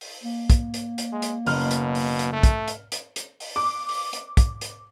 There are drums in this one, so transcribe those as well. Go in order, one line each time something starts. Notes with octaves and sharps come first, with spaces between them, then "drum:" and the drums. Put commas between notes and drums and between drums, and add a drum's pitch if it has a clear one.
drum: open hi-hat
A#3
drum: kick, hi-hat
drum: hi-hat
drum: hi-hat
G#3
drum: hi-hat
F#1 B2 F6, drum: open hi-hat
drum: hi-hat
drum: open hi-hat
drum: hi-hat
A3
drum: kick, hi-hat
drum: hi-hat
drum: hi-hat
drum: hi-hat
drum: open hi-hat
D6
drum: open hi-hat
drum: hi-hat
drum: kick, hi-hat
drum: hi-hat